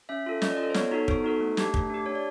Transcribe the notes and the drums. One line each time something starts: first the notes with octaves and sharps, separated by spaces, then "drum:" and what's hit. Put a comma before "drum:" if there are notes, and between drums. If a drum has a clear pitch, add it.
C#4 E5
F4 A4
C#4 D#5, drum: snare
D5
F4 D#5
A4
C5
B3 C#5, drum: snare
D#4 F#4 A4
B3 C5, drum: kick
D#4 F#4 A4
A3
D4 G4, drum: snare
A3, drum: kick
D4 G4
D4 C#5
D5